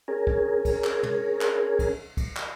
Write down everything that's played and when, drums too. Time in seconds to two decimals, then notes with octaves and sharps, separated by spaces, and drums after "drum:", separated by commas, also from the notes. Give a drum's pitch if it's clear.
0.08 C#4 G#4 A#4
0.27 drum: kick
0.65 drum: kick, cymbal
0.84 drum: clap
1.03 drum: tom
1.41 drum: clap
1.79 drum: kick, cymbal
2.17 drum: kick, cymbal
2.36 drum: clap